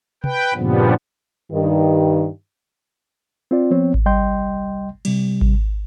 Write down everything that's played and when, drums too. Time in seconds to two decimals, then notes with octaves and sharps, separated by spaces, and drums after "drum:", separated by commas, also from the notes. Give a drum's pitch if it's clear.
0.24 B4 G5, drum: tom
0.54 G2 A#2 C#3 F3 G3 B3
1.52 G2 D#3
3.51 C4 F4 D5
3.70 F3 B3 C4 C#5
3.94 drum: kick G#1
4.06 C2 G3 D#5 G5 C6 G6
5.05 C3 G3, drum: cymbal
5.41 drum: kick G#1